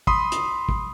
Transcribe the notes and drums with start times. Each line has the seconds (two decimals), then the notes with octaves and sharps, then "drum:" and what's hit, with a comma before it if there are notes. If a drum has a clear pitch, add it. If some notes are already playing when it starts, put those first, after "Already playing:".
0.07 B5 C6 D#6, drum: kick
0.32 drum: hi-hat
0.69 drum: kick